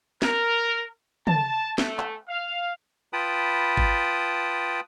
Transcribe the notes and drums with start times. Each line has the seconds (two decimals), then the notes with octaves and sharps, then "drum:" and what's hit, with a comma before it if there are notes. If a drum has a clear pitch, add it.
0.22 A#4, drum: snare
1.27 A5, drum: tom
1.78 A3, drum: snare
1.98 drum: clap
2.28 F5
3.13 F4 B4 G5 A5 B5 D#6
3.77 drum: kick